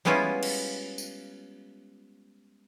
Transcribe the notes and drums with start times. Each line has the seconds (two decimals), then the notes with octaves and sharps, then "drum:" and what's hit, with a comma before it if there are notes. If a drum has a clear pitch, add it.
0.05 G3 G#3 B3 C#4 E4 F4
0.43 drum: cymbal
0.98 drum: tambourine